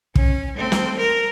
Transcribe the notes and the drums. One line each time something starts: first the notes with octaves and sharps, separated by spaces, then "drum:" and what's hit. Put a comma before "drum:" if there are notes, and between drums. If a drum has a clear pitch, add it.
C#4, drum: kick
A3 C4
drum: snare
A#4